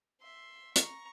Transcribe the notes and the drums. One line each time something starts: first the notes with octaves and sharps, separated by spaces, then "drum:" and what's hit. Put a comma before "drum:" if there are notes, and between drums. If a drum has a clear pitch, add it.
E5 C6
A#5 C#6, drum: hi-hat